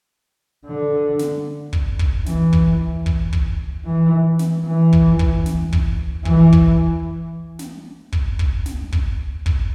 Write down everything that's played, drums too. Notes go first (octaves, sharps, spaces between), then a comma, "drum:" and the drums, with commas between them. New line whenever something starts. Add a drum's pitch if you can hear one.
D3
drum: snare
drum: kick
drum: kick
E3, drum: snare
drum: kick
drum: kick
drum: kick
E3
drum: snare
E3
drum: kick
drum: kick
drum: snare
drum: kick
E3, drum: kick
drum: kick
drum: snare
drum: kick
drum: kick
drum: snare
drum: kick
drum: kick